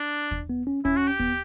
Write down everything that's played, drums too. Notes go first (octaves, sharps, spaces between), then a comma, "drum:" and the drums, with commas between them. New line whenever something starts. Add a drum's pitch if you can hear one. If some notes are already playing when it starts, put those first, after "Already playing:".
Already playing: D4
drum: kick
B3
C#4
C#4 E4, drum: kick
F#4
G4
B3, drum: kick